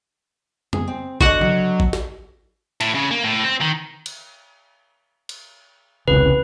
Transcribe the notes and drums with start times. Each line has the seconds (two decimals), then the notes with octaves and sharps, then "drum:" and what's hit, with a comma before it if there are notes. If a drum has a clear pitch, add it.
0.73 G#4, drum: tom
0.88 C4
1.21 D3 F#4 D#5 F#5, drum: kick G#1
1.41 F#3, drum: tom C#3
1.80 drum: kick G#1
1.93 drum: snare
2.81 A2, drum: cymbal
2.95 C#3
3.11 A#3
3.24 A2
3.43 C4
3.61 D#3
4.06 drum: cymbal
5.29 drum: cymbal
6.08 E1 C2 C#3 B4